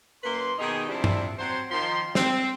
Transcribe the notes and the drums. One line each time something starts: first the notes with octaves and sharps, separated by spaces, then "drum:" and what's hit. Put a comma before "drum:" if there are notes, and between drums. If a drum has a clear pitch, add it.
F#2 A#3 B4 C6
B2 D#3 D#4 G4 G#4
C3 F3 G3 C4 D4 E4
drum: tom
F#3 C4 C5 C6
D#3 F3 C6
C4, drum: snare